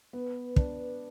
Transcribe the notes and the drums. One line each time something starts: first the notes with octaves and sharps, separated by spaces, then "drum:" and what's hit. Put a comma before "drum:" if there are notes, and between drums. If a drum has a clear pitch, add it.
B3 B4
D4, drum: kick